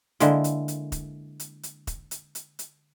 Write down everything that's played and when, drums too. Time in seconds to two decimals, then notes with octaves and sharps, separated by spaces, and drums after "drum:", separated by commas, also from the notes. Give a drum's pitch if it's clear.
0.20 D3 G#3 A#3 E4, drum: hi-hat
0.44 drum: hi-hat
0.68 drum: hi-hat
0.92 drum: kick E1, hi-hat
1.40 drum: hi-hat
1.63 drum: hi-hat
1.87 drum: kick E1, hi-hat
2.11 drum: hi-hat
2.35 drum: hi-hat
2.59 drum: hi-hat